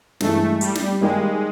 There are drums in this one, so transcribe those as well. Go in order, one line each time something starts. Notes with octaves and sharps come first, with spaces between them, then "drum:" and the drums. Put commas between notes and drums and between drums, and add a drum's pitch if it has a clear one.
G2 E3 G#3 A3, drum: snare
G3, drum: hi-hat
drum: snare
D#3 G3 G#3 A#3 D#4 G4